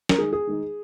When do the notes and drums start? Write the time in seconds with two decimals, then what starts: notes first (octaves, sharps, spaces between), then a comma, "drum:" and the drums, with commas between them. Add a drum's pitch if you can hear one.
0.09 A#4, drum: snare
0.18 D#3 G#3 D#4 G#4
0.33 G#4
0.47 D#3 G#3 D#4